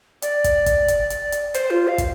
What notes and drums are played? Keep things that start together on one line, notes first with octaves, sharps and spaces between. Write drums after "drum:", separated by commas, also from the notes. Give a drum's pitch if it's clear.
D5, drum: hi-hat
drum: kick, hi-hat
drum: kick, hi-hat
drum: hi-hat
drum: hi-hat
drum: hi-hat
C5, drum: hi-hat
F4
F5
drum: kick, hi-hat